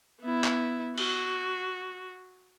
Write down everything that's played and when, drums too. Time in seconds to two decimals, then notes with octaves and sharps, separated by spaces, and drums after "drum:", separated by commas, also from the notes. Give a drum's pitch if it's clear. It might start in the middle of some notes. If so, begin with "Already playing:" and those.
0.21 B3 E4
0.44 drum: clap
0.98 F#4, drum: cymbal